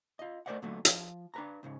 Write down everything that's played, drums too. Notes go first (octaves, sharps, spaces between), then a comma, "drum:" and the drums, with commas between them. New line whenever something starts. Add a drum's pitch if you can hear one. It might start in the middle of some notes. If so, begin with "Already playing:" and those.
F4 D#5
A3 A#4 C5 D5 D#5 F#5
A#2 D3 F#3 A3 B3
F3, drum: hi-hat
D4 B4 A#5
C#2 G#2 C#3